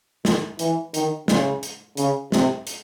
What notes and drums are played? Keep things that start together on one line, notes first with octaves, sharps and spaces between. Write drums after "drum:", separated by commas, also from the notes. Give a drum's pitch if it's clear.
D#3, drum: snare
E3, drum: hi-hat
D#3, drum: hi-hat
C#3, drum: snare
drum: hi-hat
C#3, drum: hi-hat
C3, drum: snare
drum: hi-hat